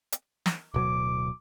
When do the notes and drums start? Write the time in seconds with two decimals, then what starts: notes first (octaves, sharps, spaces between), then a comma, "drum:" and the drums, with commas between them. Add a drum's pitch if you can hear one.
0.12 drum: hi-hat
0.46 drum: snare
0.74 D1 B2 F#3 D6